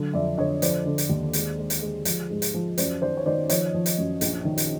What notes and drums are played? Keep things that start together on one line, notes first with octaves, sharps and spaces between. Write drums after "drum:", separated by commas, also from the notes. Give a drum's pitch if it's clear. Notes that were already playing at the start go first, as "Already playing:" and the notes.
Already playing: D3 F#3
F2 D5 E5
D3 C#5 D#5
F3 C5 D5, drum: hi-hat
D3
drum: hi-hat
D#2
G#3, drum: hi-hat
G#3
drum: hi-hat
G#3
F3, drum: hi-hat
G#2
drum: hi-hat
F3
F#2 C5 D5, drum: hi-hat
D#3 C5 D5
C#5
D#3 C5 D5
F3 C#5 D#5, drum: hi-hat
F3
drum: hi-hat
F#2
A#1, drum: hi-hat
D#3
drum: hi-hat